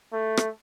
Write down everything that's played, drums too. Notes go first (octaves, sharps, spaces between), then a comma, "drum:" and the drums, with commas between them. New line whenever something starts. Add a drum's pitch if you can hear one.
A3
drum: rim click